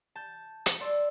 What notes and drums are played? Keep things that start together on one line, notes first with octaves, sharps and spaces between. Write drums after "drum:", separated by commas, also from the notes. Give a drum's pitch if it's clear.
A5 G6
drum: hi-hat
D5 C6 E6